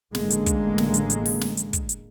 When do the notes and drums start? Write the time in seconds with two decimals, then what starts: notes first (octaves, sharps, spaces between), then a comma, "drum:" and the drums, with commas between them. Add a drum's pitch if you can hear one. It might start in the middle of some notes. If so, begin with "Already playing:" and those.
0.15 A1 D3 G#3 A#3, drum: snare
0.30 drum: hi-hat
0.46 drum: kick, hi-hat
0.78 drum: snare
0.94 drum: hi-hat
1.10 drum: hi-hat
1.26 drum: open hi-hat
1.41 drum: snare
1.57 drum: hi-hat
1.73 drum: kick, hi-hat
1.89 drum: hi-hat